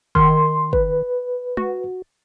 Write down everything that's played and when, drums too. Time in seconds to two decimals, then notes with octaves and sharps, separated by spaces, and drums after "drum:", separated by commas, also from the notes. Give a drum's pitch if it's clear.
0.15 D#3 C6, drum: kick
0.73 B4, drum: kick
1.57 F#4, drum: tom G#3